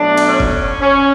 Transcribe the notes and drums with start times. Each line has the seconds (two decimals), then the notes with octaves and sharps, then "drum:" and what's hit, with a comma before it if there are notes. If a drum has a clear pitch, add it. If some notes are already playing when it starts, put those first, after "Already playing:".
Already playing: B2 F#3 A3 D4
0.17 drum: cymbal
0.27 C#4
0.40 drum: kick
0.81 C#4